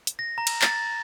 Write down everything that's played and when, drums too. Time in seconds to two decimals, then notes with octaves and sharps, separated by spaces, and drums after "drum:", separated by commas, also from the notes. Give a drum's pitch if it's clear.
0.07 drum: hi-hat
0.19 A#6
0.38 A#5
0.47 drum: cymbal
0.62 A6, drum: clap